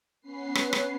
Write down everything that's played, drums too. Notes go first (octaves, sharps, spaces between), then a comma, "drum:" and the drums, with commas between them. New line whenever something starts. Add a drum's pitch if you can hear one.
B3 C#4 B4 C7
drum: rim click
drum: rim click